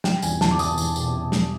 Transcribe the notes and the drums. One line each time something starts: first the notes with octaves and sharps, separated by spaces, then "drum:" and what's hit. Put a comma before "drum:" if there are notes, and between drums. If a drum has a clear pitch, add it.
G3 G5, drum: snare
E2 G#5, drum: tambourine
E2 A5, drum: snare
D6
E2 D#6, drum: tambourine
E2, drum: tambourine
B2, drum: tambourine
B2
G3, drum: snare